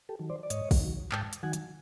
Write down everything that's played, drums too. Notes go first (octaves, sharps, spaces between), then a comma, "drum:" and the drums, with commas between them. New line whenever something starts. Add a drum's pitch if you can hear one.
G4 A4
D#3 F#3
C5 D5
D5
G#2 C#5 D#5, drum: hi-hat
drum: kick, open hi-hat
D#3 F#3
G#2 G5 A5, drum: clap
drum: hi-hat
D#3 F#3 F#5 G#5
drum: hi-hat